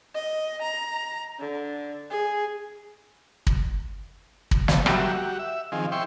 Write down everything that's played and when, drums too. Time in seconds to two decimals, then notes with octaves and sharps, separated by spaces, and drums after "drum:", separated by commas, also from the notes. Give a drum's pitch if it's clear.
0.15 D#5
0.62 A#5
1.40 D3
2.10 G#4
3.47 drum: kick
4.51 drum: kick
4.68 C3 A5, drum: snare
4.86 F#3 G3 F#4 G4 A#4 E5, drum: rim click
5.13 F#4 G4
5.39 E5
5.72 D#3 F3 C4 G#4
5.92 E4 G5 C6 C#6